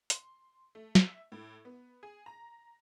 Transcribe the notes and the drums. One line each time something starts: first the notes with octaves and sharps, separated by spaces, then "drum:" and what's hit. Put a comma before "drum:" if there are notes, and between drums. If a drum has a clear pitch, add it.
C6, drum: hi-hat
A3
E5, drum: snare
A2
B3
G#4
A#5